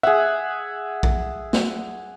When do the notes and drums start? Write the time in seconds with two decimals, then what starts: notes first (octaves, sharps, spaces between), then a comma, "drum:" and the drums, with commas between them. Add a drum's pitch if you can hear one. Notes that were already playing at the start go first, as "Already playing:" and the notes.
0.03 G#4 E5 F#5
1.03 drum: kick A#1
1.53 drum: snare